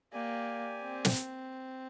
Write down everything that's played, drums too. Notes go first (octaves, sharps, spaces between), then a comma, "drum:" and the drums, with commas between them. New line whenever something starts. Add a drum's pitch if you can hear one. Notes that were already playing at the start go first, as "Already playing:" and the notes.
A#3 G4 D5 G#5
C4
drum: snare